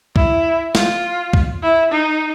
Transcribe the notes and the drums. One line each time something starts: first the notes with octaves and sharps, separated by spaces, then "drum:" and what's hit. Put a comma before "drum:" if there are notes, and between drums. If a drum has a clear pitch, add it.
E4, drum: kick
F4, drum: snare
drum: kick
E4
D#4